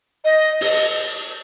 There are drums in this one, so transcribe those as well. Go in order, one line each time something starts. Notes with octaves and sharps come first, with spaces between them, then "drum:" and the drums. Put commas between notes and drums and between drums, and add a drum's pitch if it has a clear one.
D#5
D#5, drum: open hi-hat